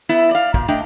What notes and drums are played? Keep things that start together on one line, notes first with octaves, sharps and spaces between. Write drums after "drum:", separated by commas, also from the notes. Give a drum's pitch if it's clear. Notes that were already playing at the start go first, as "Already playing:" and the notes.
B3 E4 E5
D5 F5
A#2, drum: kick
A3 D4 D#5 G5